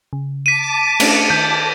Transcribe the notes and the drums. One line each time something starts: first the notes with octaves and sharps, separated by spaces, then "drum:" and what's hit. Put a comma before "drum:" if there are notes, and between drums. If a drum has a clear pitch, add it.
C#3
A5 D6 B6 D#7
A3 C#4 D4, drum: cymbal
D#3 G6